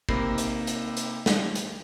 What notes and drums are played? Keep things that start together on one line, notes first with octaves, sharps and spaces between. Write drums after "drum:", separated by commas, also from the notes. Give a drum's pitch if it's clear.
C3 A#3 D#4 B5 A#6 C7, drum: kick
drum: hi-hat
drum: hi-hat
drum: hi-hat
drum: snare
drum: hi-hat